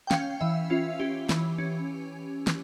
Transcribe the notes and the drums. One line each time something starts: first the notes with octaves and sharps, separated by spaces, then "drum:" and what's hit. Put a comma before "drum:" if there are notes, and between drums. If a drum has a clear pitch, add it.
G5
C#4 F5, drum: snare
E3 E5
C#4 F4
C#4 G4
E3, drum: snare
C#4
drum: snare